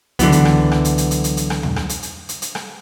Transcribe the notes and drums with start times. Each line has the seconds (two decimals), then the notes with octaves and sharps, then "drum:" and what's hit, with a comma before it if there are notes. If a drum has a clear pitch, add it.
0.19 C#2 D3 E3 F#3 B3, drum: hi-hat
0.32 drum: hi-hat
0.45 drum: rim click
0.72 drum: rim click
0.85 drum: hi-hat
0.98 drum: hi-hat
1.11 drum: hi-hat
1.24 drum: hi-hat
1.37 drum: hi-hat
1.50 drum: rim click
1.63 drum: tom
1.76 drum: rim click
1.89 drum: hi-hat
2.03 drum: hi-hat
2.29 drum: hi-hat
2.42 drum: hi-hat
2.55 drum: rim click